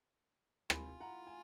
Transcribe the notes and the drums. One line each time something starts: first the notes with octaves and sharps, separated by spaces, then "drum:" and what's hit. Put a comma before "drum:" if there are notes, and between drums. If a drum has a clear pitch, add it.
F4 G#5 B5, drum: rim click
F#5 A#5
G#5